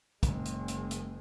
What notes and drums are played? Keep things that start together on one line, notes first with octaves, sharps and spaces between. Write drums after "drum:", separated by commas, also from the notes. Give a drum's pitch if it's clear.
F#1 G#3, drum: kick, hi-hat
drum: hi-hat
drum: hi-hat
drum: hi-hat